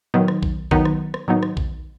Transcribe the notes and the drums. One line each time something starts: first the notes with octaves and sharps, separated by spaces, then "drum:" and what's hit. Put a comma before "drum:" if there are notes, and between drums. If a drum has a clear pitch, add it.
D#3 F#3 B3 D#4, drum: tom A2
drum: rim click
drum: kick A#1
D#3 F#3 B3 D#4, drum: kick A#1
drum: rim click
drum: rim click
D#3 F#3 B3 D#4, drum: tom G#2
drum: rim click
drum: kick A#1